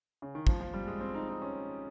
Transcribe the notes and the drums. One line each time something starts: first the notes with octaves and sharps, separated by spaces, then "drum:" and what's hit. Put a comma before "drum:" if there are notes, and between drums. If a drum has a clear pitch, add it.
C#3
D#3
F3, drum: kick
F3
G3
G#3
C4
D#4
D#4
C#4